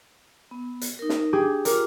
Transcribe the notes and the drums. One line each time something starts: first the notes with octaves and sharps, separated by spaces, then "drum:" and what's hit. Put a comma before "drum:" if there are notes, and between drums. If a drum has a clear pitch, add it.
B3
drum: hi-hat
D#4 A#4
drum: snare
D4 G4 G#4
F4 A#4 D6, drum: hi-hat